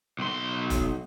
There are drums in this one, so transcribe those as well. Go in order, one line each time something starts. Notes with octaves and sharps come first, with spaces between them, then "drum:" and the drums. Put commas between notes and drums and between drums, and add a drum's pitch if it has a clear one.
B1 C6
drum: kick F1, hi-hat